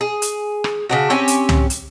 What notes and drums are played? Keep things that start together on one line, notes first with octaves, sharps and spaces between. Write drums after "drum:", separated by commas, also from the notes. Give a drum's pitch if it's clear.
G#4
drum: hi-hat
drum: rim click
C#3 D4 F#4
C4 C#4 G4 G#5
drum: hi-hat
drum: tom
drum: hi-hat